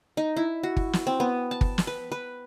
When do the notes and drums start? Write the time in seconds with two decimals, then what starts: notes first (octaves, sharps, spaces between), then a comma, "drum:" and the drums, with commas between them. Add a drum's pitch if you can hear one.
0.17 D#4
0.37 E4
0.63 F#4
0.77 drum: kick G1
0.93 drum: snare
1.07 C4
1.20 B3
1.51 A5
1.61 drum: kick G1
1.78 drum: snare
1.87 B4
2.12 B4